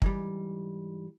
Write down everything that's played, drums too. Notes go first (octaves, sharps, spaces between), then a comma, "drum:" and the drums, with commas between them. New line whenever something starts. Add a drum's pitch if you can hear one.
G#2 E3 G3, drum: kick